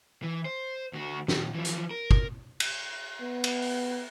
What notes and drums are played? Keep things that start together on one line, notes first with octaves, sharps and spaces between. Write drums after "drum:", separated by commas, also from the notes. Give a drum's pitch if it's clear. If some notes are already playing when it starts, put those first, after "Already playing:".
E3
C5
D2 F#4
A#2 D#3, drum: snare
E3 F3
drum: hi-hat
A#4
drum: kick
drum: cymbal
B3
drum: cymbal
drum: open hi-hat